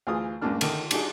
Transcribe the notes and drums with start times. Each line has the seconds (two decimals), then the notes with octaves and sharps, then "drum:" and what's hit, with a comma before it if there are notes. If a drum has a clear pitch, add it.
0.07 D2 E3 F4 G#4 D#6
0.42 C#2 F#2 A2 A#3 D4 F6
0.61 D3 D#3, drum: cymbal
0.91 G3 D4 D#4 F#4 G#4, drum: cymbal